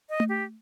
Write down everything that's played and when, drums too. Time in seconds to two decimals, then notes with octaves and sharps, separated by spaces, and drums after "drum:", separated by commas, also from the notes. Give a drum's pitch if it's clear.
0.09 D#5
0.20 drum: tom A3
0.29 G4